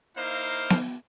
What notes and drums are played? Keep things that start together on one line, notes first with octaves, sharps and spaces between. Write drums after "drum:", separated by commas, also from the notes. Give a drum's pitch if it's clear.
A#3 D#4 E4 C5 F5
drum: snare B3